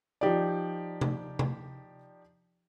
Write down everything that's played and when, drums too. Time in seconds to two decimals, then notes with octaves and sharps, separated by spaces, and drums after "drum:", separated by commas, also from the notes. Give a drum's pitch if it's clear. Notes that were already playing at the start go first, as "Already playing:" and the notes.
0.21 F3 D#4 G4 D5
1.01 drum: tom C3
1.39 drum: tom C3